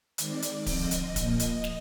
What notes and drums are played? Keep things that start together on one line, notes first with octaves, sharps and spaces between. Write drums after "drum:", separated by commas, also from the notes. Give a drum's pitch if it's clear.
D#3 G#3 C4 D5, drum: hi-hat
drum: hi-hat
D3 F3 C4 D#5, drum: kick D1, open hi-hat
drum: hi-hat
A#2 F3 A#3, drum: kick D1, hi-hat
drum: hi-hat
drum: snare